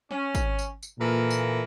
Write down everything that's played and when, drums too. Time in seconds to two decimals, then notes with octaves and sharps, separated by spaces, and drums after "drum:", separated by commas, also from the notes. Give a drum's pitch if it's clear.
0.11 C#4, drum: snare
0.35 drum: kick, tambourine
0.59 drum: tambourine
0.83 drum: tambourine
0.99 A#2 E3 A4 A#4
1.30 drum: tambourine